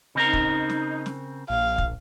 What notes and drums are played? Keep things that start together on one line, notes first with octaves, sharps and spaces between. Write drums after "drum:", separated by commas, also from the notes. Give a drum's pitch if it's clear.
C#3 C4 D#4 A#4
drum: kick
drum: snare
drum: snare
A#1 F5
drum: kick